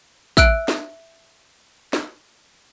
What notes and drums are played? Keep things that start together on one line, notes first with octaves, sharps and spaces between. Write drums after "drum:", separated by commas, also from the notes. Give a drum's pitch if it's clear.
E5 E6 F#6 D7, drum: kick
drum: snare
drum: snare